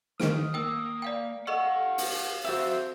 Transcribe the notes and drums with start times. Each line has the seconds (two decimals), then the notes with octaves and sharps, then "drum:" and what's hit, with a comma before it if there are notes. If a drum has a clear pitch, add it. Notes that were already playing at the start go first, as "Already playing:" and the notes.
0.20 D#3 D#6 F6 D7, drum: snare
0.54 A#3 G5 E6
1.02 D5 F5 G5
1.47 G4 A4 D#5 F5 F#5 C#6 E6
1.98 drum: open hi-hat
2.45 C4 F#4 A4 E5 F5 E6